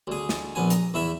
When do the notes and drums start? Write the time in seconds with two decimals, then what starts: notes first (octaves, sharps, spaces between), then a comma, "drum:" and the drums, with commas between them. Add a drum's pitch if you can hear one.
0.07 D2 G#4
0.29 drum: snare
0.55 A#1 B3 G#5
0.70 A#5, drum: hi-hat
0.94 E2 E4 E5